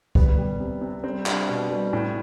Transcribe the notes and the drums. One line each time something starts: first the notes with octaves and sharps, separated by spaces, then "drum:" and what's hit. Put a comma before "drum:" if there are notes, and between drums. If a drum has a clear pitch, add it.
G3 B3, drum: kick C2
G3
C3
C3
G3 C4
G3 D4, drum: clap
B2
G3
A2